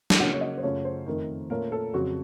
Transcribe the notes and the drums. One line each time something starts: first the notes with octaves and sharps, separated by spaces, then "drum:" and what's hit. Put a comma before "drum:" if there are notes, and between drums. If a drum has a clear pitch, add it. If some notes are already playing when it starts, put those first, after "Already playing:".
drum: snare
C#3 F#3 A#3 C#4 F#5
C#5
D#5
C5
F#2 C#3 A3 C#4 F4 C#5
C5
F2 D#3 A3 D#4 A#4
A#2 A3 C#4 F4 A#4
A4
F2 C#3 F#3 F#4